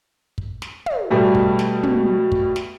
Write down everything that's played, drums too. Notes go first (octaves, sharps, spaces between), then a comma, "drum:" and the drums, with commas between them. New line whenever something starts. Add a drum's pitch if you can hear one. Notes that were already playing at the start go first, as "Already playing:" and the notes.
drum: kick
drum: snare
drum: tom
B2 G3 A3
drum: kick
drum: snare
drum: tom
drum: kick
drum: snare